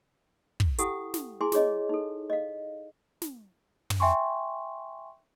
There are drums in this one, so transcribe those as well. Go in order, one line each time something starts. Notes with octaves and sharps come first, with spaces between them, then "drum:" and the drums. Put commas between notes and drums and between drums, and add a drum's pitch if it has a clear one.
drum: kick
E4 G4 A4 F#5 G5 D#6, drum: hi-hat
drum: snare
E4 G#4 G#5 C6 D6
E4 G#4 C#5 D#5, drum: snare
D#4 A4
D#5 F5
drum: snare
drum: tom
E5 G5 G#5 C6 C#6